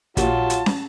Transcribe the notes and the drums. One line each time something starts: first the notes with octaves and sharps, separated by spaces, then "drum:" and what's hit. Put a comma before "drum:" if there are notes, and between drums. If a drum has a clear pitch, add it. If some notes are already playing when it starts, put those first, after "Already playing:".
A#1 A#2 F#3 F4 G4 A5, drum: kick, hi-hat
drum: hi-hat
drum: snare